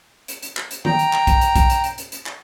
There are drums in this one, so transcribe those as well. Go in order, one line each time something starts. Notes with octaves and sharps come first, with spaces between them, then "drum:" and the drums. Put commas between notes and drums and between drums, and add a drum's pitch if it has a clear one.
drum: hi-hat
drum: hi-hat
drum: clap
drum: hi-hat
G5 A#5, drum: tom D#3
drum: hi-hat
drum: clap
drum: kick B1, hi-hat
drum: hi-hat
drum: kick B1, hi-hat
drum: hi-hat
drum: hi-hat
drum: hi-hat
drum: hi-hat
drum: clap